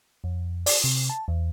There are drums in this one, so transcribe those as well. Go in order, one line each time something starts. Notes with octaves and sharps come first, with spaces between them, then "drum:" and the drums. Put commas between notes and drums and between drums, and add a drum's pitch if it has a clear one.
F2
D5, drum: open hi-hat
C3
A5
E2